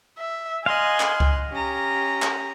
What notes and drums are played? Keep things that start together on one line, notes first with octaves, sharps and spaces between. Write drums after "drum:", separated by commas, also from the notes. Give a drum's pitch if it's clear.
E5
D#5 F5 G#5 C6 F#6
drum: clap
drum: kick C#2
C#4 G4 A#5
drum: clap